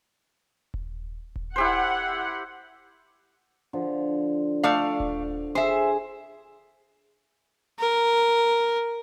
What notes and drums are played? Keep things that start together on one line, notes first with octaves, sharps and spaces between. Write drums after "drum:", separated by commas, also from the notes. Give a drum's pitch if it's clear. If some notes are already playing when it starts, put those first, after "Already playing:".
drum: kick D#1
drum: kick D#1
E4 G4 C5 F#5
D3 F3
A3 D5 F5
drum: kick D#1
G#4 C5 E5
A#4